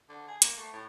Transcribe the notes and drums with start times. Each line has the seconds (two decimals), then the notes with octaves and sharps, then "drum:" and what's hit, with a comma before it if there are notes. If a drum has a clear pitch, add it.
0.09 D3
0.28 G#4
0.42 A#3, drum: hi-hat
0.57 A3
0.73 A2